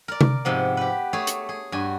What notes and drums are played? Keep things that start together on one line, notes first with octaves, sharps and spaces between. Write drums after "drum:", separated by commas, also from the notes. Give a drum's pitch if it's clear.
A#4 D5
drum: tom C3
G#2 C3 F3 B3
G4 B4
A3 G#4 C#5
drum: hi-hat
G#4
G2 F#4 G#5